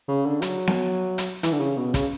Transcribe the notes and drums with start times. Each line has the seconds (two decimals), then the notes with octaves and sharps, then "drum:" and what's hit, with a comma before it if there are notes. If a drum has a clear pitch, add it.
0.08 C#3
0.26 D3
0.42 F#3, drum: hi-hat
0.67 drum: snare B3
1.18 drum: hi-hat
1.43 E3, drum: hi-hat
1.53 D3
1.60 C#3
1.78 B2
1.94 C#3, drum: kick, hi-hat